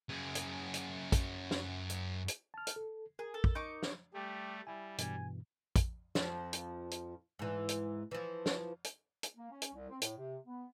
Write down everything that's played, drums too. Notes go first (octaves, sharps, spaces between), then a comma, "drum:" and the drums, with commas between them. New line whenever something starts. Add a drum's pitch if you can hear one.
F#2 G#4
drum: hi-hat
drum: hi-hat
drum: kick, hi-hat
drum: snare
drum: hi-hat
drum: hi-hat
A5 F6
drum: hi-hat
A4
G#4 A#4
A4
drum: kick
D#4 C#6 D6
drum: snare
G3 A3 G4
G3 E4 G#5
G2 B2 E3 G#5, drum: hi-hat
drum: kick, hi-hat
F2 F3, drum: snare
drum: hi-hat
drum: hi-hat
G#2 E3
drum: hi-hat
E3 F3
drum: snare
drum: hi-hat
drum: hi-hat
A#3
C#4
drum: hi-hat
C2
C4
A2, drum: hi-hat
C3
B3